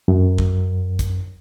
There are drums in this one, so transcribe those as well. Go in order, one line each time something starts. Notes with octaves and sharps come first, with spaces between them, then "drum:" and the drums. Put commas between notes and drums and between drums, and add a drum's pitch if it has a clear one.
F#2
drum: kick
drum: kick, hi-hat